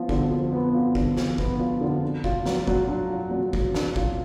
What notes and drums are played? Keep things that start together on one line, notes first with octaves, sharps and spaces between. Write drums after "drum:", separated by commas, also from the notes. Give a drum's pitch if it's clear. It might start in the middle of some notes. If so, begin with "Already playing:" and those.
Already playing: F3 B3 F4
D3, drum: kick G1
F3
B3
F4
D3, drum: kick G1
F3, drum: snare
B3, drum: kick G1
F4
D3
D4
F4, drum: kick G1
F#3, drum: snare
F#3, drum: kick G1
D4
F4
F#3
F#3, drum: kick G1
D4, drum: snare
F4, drum: kick G1